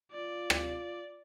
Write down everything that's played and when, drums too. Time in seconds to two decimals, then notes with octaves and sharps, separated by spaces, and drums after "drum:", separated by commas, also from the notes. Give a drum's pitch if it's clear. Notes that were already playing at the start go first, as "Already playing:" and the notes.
0.12 F4 D5
0.50 drum: rim click